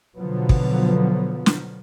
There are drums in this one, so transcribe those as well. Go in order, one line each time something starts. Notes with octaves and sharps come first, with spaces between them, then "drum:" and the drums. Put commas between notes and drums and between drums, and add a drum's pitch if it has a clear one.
B2 D3 F3 F#3 B3
drum: kick
drum: snare